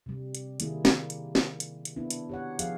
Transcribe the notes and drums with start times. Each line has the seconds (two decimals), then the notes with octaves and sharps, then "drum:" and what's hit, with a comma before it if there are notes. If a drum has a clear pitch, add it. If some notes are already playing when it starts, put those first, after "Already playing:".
0.06 C3 G3
0.35 drum: hi-hat
0.60 D#3 G3 A#3 E4 G#4, drum: hi-hat
0.85 drum: snare
1.10 drum: hi-hat
1.35 drum: snare
1.60 drum: hi-hat
1.85 drum: hi-hat
1.96 B3 D4 E4
2.11 drum: hi-hat
2.29 G4 C#5 F#5
2.59 F3 G#4 F5, drum: hi-hat